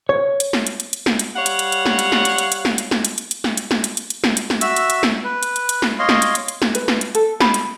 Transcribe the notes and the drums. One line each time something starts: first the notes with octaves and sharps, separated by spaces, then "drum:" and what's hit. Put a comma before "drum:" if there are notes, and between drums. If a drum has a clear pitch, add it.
C#5
drum: hi-hat
drum: snare
drum: hi-hat
drum: hi-hat
drum: hi-hat
drum: snare
drum: hi-hat
G3 C#5 F5 F#5
drum: hi-hat
drum: hi-hat
drum: hi-hat
drum: snare
drum: hi-hat
drum: snare
drum: hi-hat
drum: hi-hat
drum: hi-hat
drum: snare
drum: hi-hat
drum: snare
drum: hi-hat
drum: hi-hat
drum: hi-hat
drum: snare
drum: hi-hat
drum: snare
drum: hi-hat
drum: hi-hat
drum: hi-hat
drum: snare
drum: hi-hat
drum: snare
F#4 E5 E6, drum: hi-hat
drum: hi-hat
drum: hi-hat
drum: snare
B4
drum: hi-hat
drum: hi-hat
drum: hi-hat
drum: snare
C#5 D#5 F5 C6
drum: snare
drum: hi-hat
drum: hi-hat
drum: hi-hat
drum: snare
B4, drum: hi-hat
drum: snare
drum: hi-hat
A4, drum: hi-hat
B5, drum: snare
drum: hi-hat